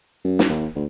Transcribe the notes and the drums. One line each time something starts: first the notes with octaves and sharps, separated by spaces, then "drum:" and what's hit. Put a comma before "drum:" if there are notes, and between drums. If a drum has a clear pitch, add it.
F#2
drum: snare
D#2
D2